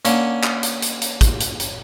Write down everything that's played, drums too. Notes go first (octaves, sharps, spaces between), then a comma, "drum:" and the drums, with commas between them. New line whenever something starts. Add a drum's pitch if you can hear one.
D3 A#3 C#4, drum: hi-hat
drum: clap
drum: hi-hat
drum: hi-hat
drum: hi-hat
drum: kick, hi-hat
drum: hi-hat
drum: hi-hat